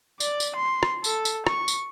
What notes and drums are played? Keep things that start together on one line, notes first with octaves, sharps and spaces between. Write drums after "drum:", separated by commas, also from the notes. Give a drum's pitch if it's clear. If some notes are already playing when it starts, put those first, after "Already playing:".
D5, drum: tambourine
drum: tambourine
C6
drum: rim click
A4, drum: tambourine
drum: tambourine
C#6, drum: rim click
drum: tambourine